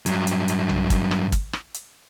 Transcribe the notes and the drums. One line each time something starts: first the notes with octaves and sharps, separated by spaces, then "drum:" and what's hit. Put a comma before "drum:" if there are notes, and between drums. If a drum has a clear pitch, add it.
G2 F#3, drum: hi-hat
drum: hi-hat
drum: hi-hat
drum: tom B1
drum: kick, hi-hat
drum: rim click
drum: kick, hi-hat
drum: rim click
drum: hi-hat